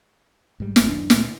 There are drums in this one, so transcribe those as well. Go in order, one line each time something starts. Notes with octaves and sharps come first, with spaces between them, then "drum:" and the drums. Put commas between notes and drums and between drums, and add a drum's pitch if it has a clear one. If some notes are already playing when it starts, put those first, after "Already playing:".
G#2 G3
G1, drum: snare
D1 F#2 D#3 D4
D2 A#2, drum: snare